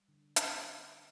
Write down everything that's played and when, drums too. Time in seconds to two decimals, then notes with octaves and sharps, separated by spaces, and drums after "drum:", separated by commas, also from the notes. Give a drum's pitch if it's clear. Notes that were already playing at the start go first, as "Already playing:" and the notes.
Already playing: G3
0.08 D3
0.36 drum: hi-hat